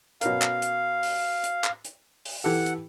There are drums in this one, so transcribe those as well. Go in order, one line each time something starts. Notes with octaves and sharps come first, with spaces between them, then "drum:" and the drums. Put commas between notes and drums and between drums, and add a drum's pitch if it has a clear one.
B2 C#4 A#4 F5, drum: hi-hat
drum: clap
drum: hi-hat
drum: open hi-hat
drum: hi-hat
drum: clap
drum: hi-hat
drum: open hi-hat
E3 G4 A4 F#5
drum: hi-hat